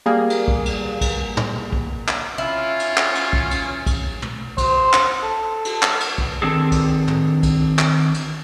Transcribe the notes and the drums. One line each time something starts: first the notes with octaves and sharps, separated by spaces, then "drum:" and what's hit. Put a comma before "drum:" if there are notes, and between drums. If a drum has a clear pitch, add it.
G3 A#3 G#4
drum: cymbal
drum: kick B1
drum: cymbal
drum: kick B1, cymbal
drum: tom
drum: kick B1
drum: clap
C#4 E4 F4
drum: cymbal
drum: clap
drum: cymbal
drum: kick B1
drum: cymbal
drum: kick B1, cymbal
drum: tom
C5, drum: kick B1, cymbal
drum: clap
A4
drum: cymbal
drum: clap
drum: cymbal
drum: kick B1
D#3 C4 D4 G#4 A4
drum: kick B1, cymbal
drum: tom
drum: kick B1, cymbal
drum: clap
drum: cymbal